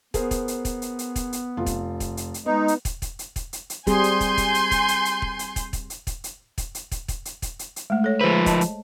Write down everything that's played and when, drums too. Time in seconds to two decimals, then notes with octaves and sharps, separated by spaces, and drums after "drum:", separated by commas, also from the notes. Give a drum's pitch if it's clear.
0.14 B3 G#4 A#4 C5, drum: kick, hi-hat
0.31 drum: kick, hi-hat
0.48 drum: hi-hat
0.65 drum: kick, hi-hat
0.82 drum: hi-hat
0.99 drum: hi-hat
1.16 drum: kick, hi-hat
1.33 drum: hi-hat
1.57 F1 F4
1.66 drum: kick, hi-hat
2.00 drum: kick, hi-hat
2.17 drum: hi-hat
2.34 drum: hi-hat
2.46 G#3 B3 D#4
2.68 drum: hi-hat
2.85 drum: kick, hi-hat
3.02 drum: kick, hi-hat
3.19 drum: hi-hat
3.36 drum: kick, hi-hat
3.53 drum: hi-hat
3.70 drum: hi-hat
3.87 G3 C4 G#4 G#5 C6 G6, drum: kick, hi-hat
4.04 drum: hi-hat
4.21 drum: kick, hi-hat
4.37 drum: kick, hi-hat
4.54 drum: hi-hat
4.71 drum: kick, hi-hat
4.88 drum: hi-hat
5.05 drum: hi-hat
5.22 drum: kick
5.39 drum: hi-hat
5.56 drum: kick, hi-hat
5.73 drum: kick, hi-hat
5.90 drum: hi-hat
6.07 drum: kick, hi-hat
6.24 drum: hi-hat
6.58 drum: kick, hi-hat
6.75 drum: hi-hat
6.92 drum: kick, hi-hat
7.08 drum: kick, hi-hat
7.25 drum: hi-hat
7.42 drum: kick, hi-hat
7.59 drum: hi-hat
7.76 drum: hi-hat
7.90 G#3 A3
8.04 A4 C#5
8.21 F3 G#3 G#4 B4 C5
8.46 D#5 A5, drum: kick, hi-hat
8.61 drum: hi-hat